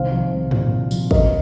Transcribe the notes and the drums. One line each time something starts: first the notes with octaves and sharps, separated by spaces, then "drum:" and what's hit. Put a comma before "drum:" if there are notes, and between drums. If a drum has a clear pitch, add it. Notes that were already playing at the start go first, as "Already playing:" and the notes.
Already playing: C2 D#3 C5 F5
F3
C2
A#2, drum: tom G2
C2
F3, drum: tambourine
F1 A#4 D#5, drum: kick